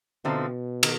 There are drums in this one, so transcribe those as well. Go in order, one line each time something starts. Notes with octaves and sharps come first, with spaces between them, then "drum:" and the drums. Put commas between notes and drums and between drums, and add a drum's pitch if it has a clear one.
B2 D3 F3 A3 C4 D#4
D#3, drum: cymbal